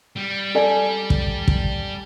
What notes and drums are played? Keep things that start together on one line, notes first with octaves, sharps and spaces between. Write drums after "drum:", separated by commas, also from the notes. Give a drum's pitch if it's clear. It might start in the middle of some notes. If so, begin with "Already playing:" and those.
G3
A4 D5 G#5
drum: kick
drum: kick